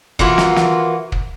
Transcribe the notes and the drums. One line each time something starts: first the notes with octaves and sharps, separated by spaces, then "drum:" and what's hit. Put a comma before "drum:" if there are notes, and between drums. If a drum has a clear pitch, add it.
E3 A#3 F4 F#4, drum: kick
drum: snare
drum: snare
drum: kick